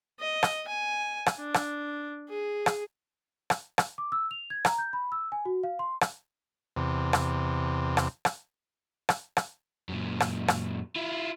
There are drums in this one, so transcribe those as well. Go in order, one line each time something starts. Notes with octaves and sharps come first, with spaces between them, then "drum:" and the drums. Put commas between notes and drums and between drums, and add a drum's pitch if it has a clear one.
D#5
drum: rim click
G#5
drum: rim click
D4
drum: rim click
G#4
drum: rim click
drum: rim click
drum: rim click
D6
E6
F7
G#6
A#5, drum: rim click
G6
B5
E6
G#5
F#4
F5
C6
drum: rim click
E2 C3
drum: rim click
drum: rim click
drum: rim click
drum: rim click
drum: rim click
F#2 A#2
drum: rim click
drum: rim click
E4 F4